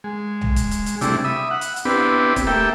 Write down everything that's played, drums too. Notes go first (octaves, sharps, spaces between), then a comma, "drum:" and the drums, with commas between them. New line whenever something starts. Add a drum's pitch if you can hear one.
G#3
drum: tom B1
drum: kick, hi-hat
drum: hi-hat
drum: hi-hat
C3 G3 A3 D4 E4, drum: hi-hat
E5 B5 D#6
F#5
drum: hi-hat
drum: hi-hat
B3 C4 D4 E4 G4 B4
drum: kick, hi-hat
A3 A#3 G4 E5 G5